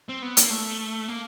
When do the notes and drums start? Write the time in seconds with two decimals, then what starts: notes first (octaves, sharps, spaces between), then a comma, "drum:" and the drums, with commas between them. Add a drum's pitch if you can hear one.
0.09 C4
0.22 B3
0.37 A#3, drum: hi-hat
0.50 A3
1.08 A#3